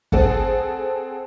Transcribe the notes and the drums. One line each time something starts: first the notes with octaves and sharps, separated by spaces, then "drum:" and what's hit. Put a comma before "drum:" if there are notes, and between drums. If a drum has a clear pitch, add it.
C4 G#4 A4 F#5 A5, drum: kick